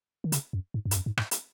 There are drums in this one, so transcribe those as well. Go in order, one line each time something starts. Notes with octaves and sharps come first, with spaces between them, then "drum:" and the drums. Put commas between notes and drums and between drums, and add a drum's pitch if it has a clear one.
D#3
C#3, drum: hi-hat
F#2
G#2
F#2
G#2, drum: hi-hat
F#2
G#2
G#2, drum: rim click
drum: hi-hat